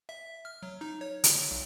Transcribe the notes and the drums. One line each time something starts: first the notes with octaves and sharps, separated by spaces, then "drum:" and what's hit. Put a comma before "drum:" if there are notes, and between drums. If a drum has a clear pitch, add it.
E5
F6
F#3
D#4
C#5
D3, drum: hi-hat
B1